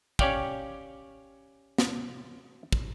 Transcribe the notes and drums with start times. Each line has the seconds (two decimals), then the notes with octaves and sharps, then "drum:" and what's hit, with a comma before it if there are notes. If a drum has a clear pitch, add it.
0.19 C#4 G4 C#5 D5 F5 G5, drum: kick
1.78 drum: snare
2.72 drum: kick